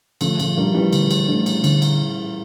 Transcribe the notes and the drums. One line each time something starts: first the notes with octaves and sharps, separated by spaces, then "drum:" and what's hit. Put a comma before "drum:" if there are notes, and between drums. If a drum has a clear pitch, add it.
D3 F3 A3, drum: cymbal
F3 A3, drum: cymbal
G3 A3 A#3 D4
E3 G3
D3, drum: cymbal
drum: cymbal
A3 D4
drum: cymbal
D3, drum: cymbal
drum: cymbal